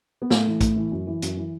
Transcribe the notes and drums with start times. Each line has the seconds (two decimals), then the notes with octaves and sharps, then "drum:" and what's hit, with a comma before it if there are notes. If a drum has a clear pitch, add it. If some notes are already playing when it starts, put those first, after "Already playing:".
0.22 B3
0.30 A2 A3, drum: snare
0.47 E3
0.61 A2, drum: kick A#1, hi-hat
0.76 E3
0.92 F#2
1.07 E3
1.22 F#2, drum: hi-hat
1.37 E3